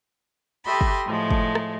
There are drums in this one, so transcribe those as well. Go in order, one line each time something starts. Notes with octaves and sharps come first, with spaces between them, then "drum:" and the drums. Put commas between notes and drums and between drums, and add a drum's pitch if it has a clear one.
G4 A4 D#5 E5 B5 C6
drum: kick
A2 F3 G#3 A3
drum: kick
drum: rim click